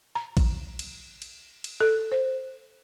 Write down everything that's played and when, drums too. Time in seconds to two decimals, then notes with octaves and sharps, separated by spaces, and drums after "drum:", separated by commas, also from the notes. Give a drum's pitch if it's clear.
0.15 A#5
0.37 drum: kick A1, cymbal
0.79 drum: cymbal
1.22 drum: cymbal
1.64 drum: cymbal
1.80 A4
2.12 C5